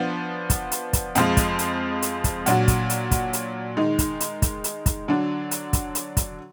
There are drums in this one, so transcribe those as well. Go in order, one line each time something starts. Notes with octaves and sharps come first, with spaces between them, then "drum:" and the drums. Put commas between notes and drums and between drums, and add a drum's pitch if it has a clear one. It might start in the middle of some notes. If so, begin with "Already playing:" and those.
Already playing: F3 B3 D4
drum: kick, hi-hat
drum: hi-hat
drum: kick, hi-hat
F2 F3 G#3, drum: hi-hat
drum: kick, hi-hat
drum: hi-hat
drum: hi-hat
drum: kick, hi-hat
A#2 F#3 D4 F#4, drum: hi-hat
drum: kick, hi-hat
drum: hi-hat
drum: kick, hi-hat
drum: hi-hat
D#3 G#3 D#4
drum: kick, hi-hat
drum: hi-hat
drum: kick, hi-hat
drum: hi-hat
drum: kick, hi-hat
D3 F#3 D4
drum: hi-hat
drum: kick, hi-hat
drum: hi-hat
drum: kick, hi-hat